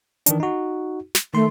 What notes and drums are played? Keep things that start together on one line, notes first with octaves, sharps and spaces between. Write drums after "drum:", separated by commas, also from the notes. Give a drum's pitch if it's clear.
D#3 E3 D4, drum: hi-hat
D#4 F#4
drum: snare
D#3 A3 C6